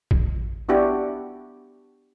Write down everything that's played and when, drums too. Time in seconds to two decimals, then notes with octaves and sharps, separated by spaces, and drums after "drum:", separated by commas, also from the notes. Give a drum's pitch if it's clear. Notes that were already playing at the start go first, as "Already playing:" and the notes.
0.11 drum: kick A1
0.69 B3 D4 E4 F#4 G4